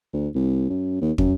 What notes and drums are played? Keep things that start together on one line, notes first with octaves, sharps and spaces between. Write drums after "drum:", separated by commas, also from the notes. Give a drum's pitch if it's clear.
D2
C2
F#2
D#2
F#2, drum: kick